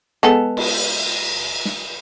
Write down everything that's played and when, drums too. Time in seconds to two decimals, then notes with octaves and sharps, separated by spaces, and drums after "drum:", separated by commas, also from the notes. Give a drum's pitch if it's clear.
0.23 G#3 B3 A4
0.57 drum: cymbal
1.65 drum: snare